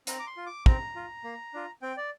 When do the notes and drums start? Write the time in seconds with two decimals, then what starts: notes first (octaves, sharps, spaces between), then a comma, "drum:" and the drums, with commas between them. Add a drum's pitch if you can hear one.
0.07 C4 A#5, drum: hi-hat
0.19 D6
0.27 C6
0.37 F4
0.46 D6
0.66 C4 A#5, drum: kick
0.96 F4
1.24 A#3
1.54 D4 F4
1.82 C4 G5
1.97 D5